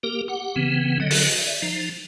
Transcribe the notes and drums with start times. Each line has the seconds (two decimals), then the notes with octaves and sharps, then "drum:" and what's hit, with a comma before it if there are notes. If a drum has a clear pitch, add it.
0.03 A#3 G4 A#4
0.28 G4 F#5
0.56 C#3 E3 B3 C4
1.00 D3 F#3 D#5
1.10 drum: open hi-hat
1.38 D5 E5
1.62 F3 D#4